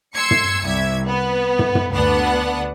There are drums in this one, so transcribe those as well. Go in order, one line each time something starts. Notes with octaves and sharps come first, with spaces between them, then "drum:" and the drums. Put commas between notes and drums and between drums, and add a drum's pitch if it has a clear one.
C6 E6 G#6 C#7
drum: tom
C2 E5 G#6
B3
drum: tom
drum: tom
D2 B3 D4 F#5